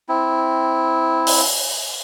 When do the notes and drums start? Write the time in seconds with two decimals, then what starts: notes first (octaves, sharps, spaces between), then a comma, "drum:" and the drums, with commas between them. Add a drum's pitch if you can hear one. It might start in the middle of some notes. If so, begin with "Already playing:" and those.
0.09 C4 E4
1.27 drum: open hi-hat